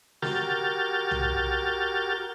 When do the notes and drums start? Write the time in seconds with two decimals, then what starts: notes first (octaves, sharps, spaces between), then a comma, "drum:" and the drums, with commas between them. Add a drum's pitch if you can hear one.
0.22 F#4 G4 A#4 F6 G6 A6, drum: snare
1.11 drum: tom B1